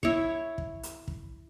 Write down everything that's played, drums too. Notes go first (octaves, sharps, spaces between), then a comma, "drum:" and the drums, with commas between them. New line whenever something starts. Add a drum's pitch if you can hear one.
E4 C#5, drum: kick
drum: kick
drum: hi-hat
drum: kick